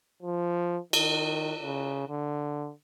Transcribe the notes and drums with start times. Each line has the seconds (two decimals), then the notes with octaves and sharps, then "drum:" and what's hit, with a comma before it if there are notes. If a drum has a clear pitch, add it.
0.23 F3
0.93 D#3, drum: cymbal
1.62 C#3
2.09 D3